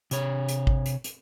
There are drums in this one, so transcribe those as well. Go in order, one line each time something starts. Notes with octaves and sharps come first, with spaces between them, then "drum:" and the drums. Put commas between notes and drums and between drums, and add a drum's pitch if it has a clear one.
C3 C#5, drum: hi-hat
drum: hi-hat
drum: kick G#1
drum: hi-hat
drum: hi-hat